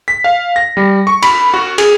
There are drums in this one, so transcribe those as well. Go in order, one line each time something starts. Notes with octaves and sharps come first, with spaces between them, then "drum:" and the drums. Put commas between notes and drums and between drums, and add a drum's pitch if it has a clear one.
B6
F5
A#6
G3
C#6
B5, drum: cymbal
F#4
G#4, drum: cymbal